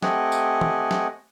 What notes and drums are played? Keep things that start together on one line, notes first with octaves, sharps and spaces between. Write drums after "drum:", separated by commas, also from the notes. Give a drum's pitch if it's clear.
A3 C4 G4 D#5 F#5 G#5, drum: snare
drum: tambourine
drum: tom
drum: snare